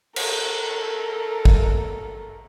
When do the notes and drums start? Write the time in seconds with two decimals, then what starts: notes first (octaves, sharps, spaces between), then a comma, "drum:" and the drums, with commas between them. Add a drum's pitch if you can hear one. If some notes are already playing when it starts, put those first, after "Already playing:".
0.16 A4 A#4, drum: cymbal
1.45 drum: kick G#1